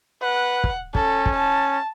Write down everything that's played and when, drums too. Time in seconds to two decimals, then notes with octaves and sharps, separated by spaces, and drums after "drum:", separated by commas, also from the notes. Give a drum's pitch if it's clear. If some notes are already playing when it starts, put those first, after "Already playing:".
0.22 B4 F#5
0.64 drum: kick
0.95 C#4 A4, drum: kick
1.26 drum: kick
1.36 A5